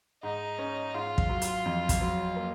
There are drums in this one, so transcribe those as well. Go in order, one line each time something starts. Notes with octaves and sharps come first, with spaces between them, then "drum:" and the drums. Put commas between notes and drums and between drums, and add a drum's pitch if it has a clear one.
G#2 D#4
C#4
G#2 F4
drum: kick
F#3
drum: hi-hat
F2
drum: kick, hi-hat
F#3
A#3